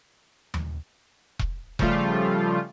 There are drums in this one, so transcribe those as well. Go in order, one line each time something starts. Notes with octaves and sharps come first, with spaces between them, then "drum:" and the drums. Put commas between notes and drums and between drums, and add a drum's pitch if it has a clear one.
drum: tom D#2
drum: kick E1
C#3 F3 G3 A3 F4, drum: kick E1